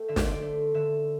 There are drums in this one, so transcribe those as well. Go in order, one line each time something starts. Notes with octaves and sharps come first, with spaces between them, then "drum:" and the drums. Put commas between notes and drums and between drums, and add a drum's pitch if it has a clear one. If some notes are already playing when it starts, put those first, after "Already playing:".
Already playing: A3 G5
D3 E5
D5, drum: snare
C5
D5
A3
D3 E5